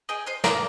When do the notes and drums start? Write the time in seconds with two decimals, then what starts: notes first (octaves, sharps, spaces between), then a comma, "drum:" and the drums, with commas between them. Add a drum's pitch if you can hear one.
0.09 G#4 D#5 G5
0.26 C5 D#5
0.44 A#3 A#4 D5, drum: snare